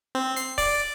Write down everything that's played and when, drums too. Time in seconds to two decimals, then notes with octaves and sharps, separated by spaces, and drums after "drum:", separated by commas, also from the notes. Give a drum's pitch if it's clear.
0.15 C4
0.36 C7, drum: hi-hat
0.58 D5, drum: kick C#1, open hi-hat